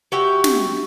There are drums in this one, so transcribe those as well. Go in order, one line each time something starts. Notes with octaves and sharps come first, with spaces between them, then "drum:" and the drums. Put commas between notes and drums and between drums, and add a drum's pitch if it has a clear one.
F#4 G4 E5
drum: snare